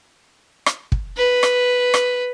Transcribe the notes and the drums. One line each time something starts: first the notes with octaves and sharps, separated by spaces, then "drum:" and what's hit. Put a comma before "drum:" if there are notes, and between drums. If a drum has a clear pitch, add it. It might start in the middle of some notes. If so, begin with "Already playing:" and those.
drum: rim click
drum: kick
B4
drum: rim click
drum: rim click